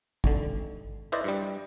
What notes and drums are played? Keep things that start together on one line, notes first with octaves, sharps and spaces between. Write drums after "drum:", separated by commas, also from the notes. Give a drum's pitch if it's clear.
G#1 D3, drum: kick G#1
E4 B4 C5 D5 D#5
G2 G3